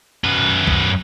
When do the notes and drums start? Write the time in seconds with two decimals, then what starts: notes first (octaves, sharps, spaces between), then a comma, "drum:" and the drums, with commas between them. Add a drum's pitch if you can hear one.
0.24 F#2 B4
0.67 drum: kick